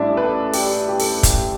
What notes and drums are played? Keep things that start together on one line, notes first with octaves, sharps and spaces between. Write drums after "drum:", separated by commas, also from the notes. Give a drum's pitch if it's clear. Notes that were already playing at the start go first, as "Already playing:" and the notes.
Already playing: A1 A2 G3 D4 E4 D5 E5
B4
A4
G4, drum: open hi-hat
G4
A4, drum: open hi-hat
drum: kick, hi-hat